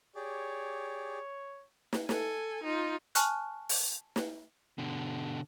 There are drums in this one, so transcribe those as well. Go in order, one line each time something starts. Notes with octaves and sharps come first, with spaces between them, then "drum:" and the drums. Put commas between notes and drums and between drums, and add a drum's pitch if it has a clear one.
G4 G#4 C#5 D5
drum: snare
A4 G#5, drum: snare
D#4 F4
G#5 A5 C#6 F6 F#6, drum: hi-hat
drum: open hi-hat
drum: snare
B2 D3